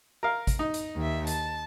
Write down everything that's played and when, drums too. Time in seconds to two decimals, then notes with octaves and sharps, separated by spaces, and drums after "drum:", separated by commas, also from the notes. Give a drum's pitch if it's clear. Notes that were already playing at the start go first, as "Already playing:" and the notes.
0.23 A#4 F5
0.47 drum: kick G#1, hi-hat
0.59 D#4
0.74 drum: hi-hat
0.96 D#2 E5
1.27 A5, drum: hi-hat